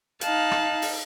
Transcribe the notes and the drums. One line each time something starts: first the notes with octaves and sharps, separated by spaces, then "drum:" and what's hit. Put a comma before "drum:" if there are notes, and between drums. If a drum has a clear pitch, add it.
D#4 F5 A5 F#6, drum: hi-hat
drum: rim click
drum: open hi-hat